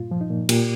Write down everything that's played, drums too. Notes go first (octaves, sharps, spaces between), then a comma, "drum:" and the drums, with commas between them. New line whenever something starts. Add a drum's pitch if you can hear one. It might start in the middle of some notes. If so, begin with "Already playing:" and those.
Already playing: G2 A#2 F4
F3
D#4
A#2
A#2 G4, drum: cymbal